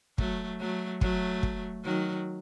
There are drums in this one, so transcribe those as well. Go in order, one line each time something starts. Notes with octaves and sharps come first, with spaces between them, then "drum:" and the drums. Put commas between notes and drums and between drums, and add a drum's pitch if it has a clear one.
F#3 A3, drum: kick
F#3 A3
F#3 A3, drum: kick
drum: kick
D#3 F#3